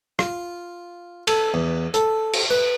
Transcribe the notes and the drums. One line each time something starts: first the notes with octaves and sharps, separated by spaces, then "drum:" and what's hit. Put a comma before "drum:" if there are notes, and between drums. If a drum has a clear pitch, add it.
F4, drum: rim click
A4, drum: cymbal
E2
A4, drum: hi-hat
drum: cymbal
B4